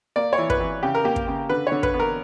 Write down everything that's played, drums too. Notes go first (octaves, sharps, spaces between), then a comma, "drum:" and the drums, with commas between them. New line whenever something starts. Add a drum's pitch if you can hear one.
A#3 D5
C#5
E3
B4, drum: kick
E3
C#3 G4
A#4
A#3 G4
drum: kick
C#3
D3 B4
D3 C#5
B4, drum: kick
B3
A#4